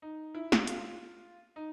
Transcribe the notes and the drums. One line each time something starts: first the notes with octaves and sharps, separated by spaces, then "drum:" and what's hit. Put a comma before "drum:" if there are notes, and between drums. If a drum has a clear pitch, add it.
D#4
E4
F4, drum: snare
F4, drum: hi-hat
D#4